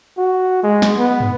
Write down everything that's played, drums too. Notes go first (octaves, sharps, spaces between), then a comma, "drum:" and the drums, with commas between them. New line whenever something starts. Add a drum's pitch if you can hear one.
F#4
G#3
drum: snare
B3
drum: tom